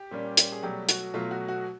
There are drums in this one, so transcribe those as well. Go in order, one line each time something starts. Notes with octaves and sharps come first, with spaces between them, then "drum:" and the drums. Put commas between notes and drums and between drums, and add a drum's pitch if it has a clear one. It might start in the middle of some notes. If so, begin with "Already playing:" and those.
Already playing: G4
A#2 G3 A#3 C#4
drum: hi-hat
G#4
B2 F#3 G3 A3 G4
F#4, drum: hi-hat
B2 F#3 A3 F4
F#4
F#4